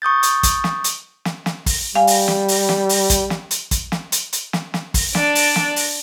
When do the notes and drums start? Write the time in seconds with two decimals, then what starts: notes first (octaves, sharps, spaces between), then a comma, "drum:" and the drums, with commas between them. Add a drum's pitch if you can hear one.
0.02 C#6 D#6 G6 A6
0.23 drum: hi-hat
0.43 drum: kick, hi-hat
0.64 drum: snare
0.84 drum: hi-hat
1.25 drum: snare
1.46 drum: snare
1.66 drum: kick, open hi-hat
1.95 G3 F5 G#5
2.07 drum: open hi-hat
2.28 drum: snare
2.48 drum: open hi-hat
2.69 drum: snare
2.89 drum: open hi-hat
3.10 drum: kick, hi-hat
3.30 drum: snare
3.51 drum: hi-hat
3.71 drum: kick, hi-hat
3.92 drum: snare
4.12 drum: hi-hat
4.33 drum: hi-hat
4.53 drum: snare
4.74 drum: snare
4.94 drum: kick, open hi-hat
5.15 D4 D5, drum: snare
5.35 drum: open hi-hat
5.56 drum: snare
5.76 drum: open hi-hat